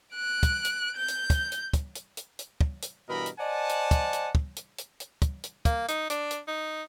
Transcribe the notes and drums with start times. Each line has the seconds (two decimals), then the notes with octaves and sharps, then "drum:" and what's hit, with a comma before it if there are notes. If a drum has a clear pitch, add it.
0.15 F#6 D7
0.43 drum: kick, hi-hat
0.65 drum: hi-hat
0.96 G6
1.08 drum: hi-hat
1.30 drum: kick, hi-hat
1.52 drum: hi-hat
1.73 drum: kick, hi-hat
1.95 drum: hi-hat
2.17 drum: hi-hat
2.39 drum: hi-hat
2.61 drum: kick
2.82 drum: hi-hat
3.09 G2 B2 E3 A#4 D#5 B5
3.26 drum: hi-hat
3.40 C5 D5 D#5 F#5 G#5 A5
3.69 drum: hi-hat
3.91 drum: kick, hi-hat
4.13 drum: hi-hat
4.35 drum: kick
4.56 drum: hi-hat
4.78 drum: hi-hat
5.00 drum: hi-hat
5.22 drum: kick, hi-hat
5.44 drum: hi-hat
5.65 A#3, drum: kick, hi-hat
5.88 D#4, drum: hi-hat
6.10 D4, drum: hi-hat
6.31 drum: hi-hat
6.48 D#4